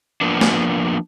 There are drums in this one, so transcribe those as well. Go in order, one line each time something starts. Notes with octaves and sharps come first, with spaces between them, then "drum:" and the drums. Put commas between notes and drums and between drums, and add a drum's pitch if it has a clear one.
F3 A#3 B3 D4
drum: snare